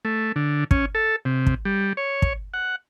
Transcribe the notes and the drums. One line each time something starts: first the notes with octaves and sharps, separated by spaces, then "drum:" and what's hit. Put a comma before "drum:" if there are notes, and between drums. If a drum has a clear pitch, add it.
A3
D3
C#4, drum: kick
A4
C3
drum: kick
G3
C#5
drum: kick
F#5